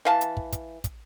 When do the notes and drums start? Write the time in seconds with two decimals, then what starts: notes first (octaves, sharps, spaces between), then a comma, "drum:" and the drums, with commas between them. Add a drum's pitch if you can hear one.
0.05 E3 F5 A5
0.21 drum: hi-hat
0.37 drum: kick
0.52 drum: kick, hi-hat
0.84 drum: kick, hi-hat